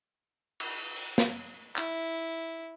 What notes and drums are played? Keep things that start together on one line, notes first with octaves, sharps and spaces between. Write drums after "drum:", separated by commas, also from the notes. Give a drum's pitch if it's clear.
drum: cymbal
drum: open hi-hat
drum: snare
E4, drum: clap